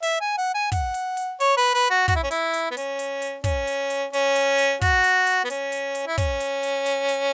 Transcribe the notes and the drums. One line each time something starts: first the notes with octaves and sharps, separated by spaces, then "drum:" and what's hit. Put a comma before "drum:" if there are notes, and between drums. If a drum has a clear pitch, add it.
E5, drum: hi-hat
G#5
F#5
G#5
F#5, drum: kick, hi-hat
drum: hi-hat
drum: hi-hat
C#5, drum: hi-hat
B4
B4
F#4
F#4, drum: kick, hi-hat
E4
C#4
E4, drum: hi-hat
drum: hi-hat
B3
C#4, drum: hi-hat
drum: hi-hat
drum: hi-hat
C#4, drum: kick, hi-hat
drum: hi-hat
drum: hi-hat
C#4, drum: hi-hat
drum: hi-hat
drum: hi-hat
F#4, drum: kick, hi-hat
drum: hi-hat
drum: hi-hat
B3
C#4, drum: hi-hat
drum: hi-hat
drum: hi-hat
E4
C#4, drum: kick, hi-hat
drum: hi-hat
drum: hi-hat
drum: hi-hat
drum: hi-hat